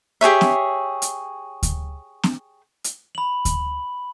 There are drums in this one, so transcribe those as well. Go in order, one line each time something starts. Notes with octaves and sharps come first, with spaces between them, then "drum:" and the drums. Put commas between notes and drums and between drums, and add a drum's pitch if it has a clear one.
G4 G#4 C#5 E5
drum: snare
drum: hi-hat
drum: kick D2, hi-hat
drum: snare
drum: hi-hat
B5 F#7
drum: kick D2, hi-hat